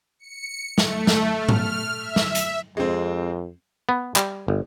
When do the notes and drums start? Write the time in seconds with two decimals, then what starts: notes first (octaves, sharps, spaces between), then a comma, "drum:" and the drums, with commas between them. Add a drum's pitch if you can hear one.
0.19 C#7
0.78 A3, drum: snare
1.07 drum: snare
1.36 F6
1.49 drum: tom G#2
1.98 E5
2.16 drum: snare
2.35 drum: hi-hat
2.77 F2 G#3 C4
3.89 B3
4.16 G3, drum: clap
4.48 G1